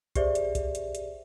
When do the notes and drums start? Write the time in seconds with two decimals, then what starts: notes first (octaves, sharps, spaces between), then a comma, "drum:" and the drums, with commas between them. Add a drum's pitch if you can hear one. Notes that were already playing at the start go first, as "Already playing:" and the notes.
0.16 G4 G#4 C5 D5 E5, drum: kick, hi-hat
0.35 drum: hi-hat
0.55 drum: kick, hi-hat
0.75 drum: hi-hat
0.95 drum: hi-hat